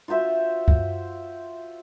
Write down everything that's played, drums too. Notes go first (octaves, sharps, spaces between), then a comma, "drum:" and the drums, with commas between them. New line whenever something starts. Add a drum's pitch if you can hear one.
F4 F#4 C5 E5
drum: kick